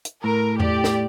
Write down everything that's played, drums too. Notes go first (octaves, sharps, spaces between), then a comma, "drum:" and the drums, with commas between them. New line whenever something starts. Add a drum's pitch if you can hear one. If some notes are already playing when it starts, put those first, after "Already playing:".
drum: hi-hat
A2 A#4
G4 D5, drum: tom E2
drum: snare